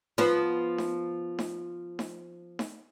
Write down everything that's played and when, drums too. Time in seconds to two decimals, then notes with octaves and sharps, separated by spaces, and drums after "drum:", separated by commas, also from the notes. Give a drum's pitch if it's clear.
0.18 F3 B3, drum: snare D#4
0.78 drum: snare D#4
1.39 drum: snare D#4
1.99 drum: snare D#4
2.59 drum: snare D#4